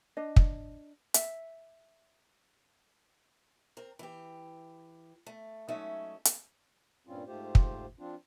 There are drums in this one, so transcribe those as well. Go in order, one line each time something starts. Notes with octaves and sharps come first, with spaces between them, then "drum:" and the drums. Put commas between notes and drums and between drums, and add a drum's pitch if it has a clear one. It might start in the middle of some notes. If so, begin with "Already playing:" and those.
D4 D#5
drum: kick
E5, drum: hi-hat
C4 A#4
E3 G4
A3
F#3 G#3 A3 C#4 D#4 E5
drum: hi-hat
G2 A#2 G3 C4 C#4 F4
G#2 A3 F4 G4 C5
drum: kick
F3 C4 D4 F4